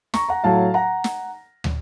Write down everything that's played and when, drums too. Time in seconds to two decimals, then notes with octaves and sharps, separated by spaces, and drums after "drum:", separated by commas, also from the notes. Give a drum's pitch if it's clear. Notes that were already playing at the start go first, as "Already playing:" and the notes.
0.14 A#5 C#6, drum: snare
0.29 F#5 A#5
0.44 A2 F#3 F5 A5
0.74 F#5 A#5
1.04 drum: snare
1.64 drum: tom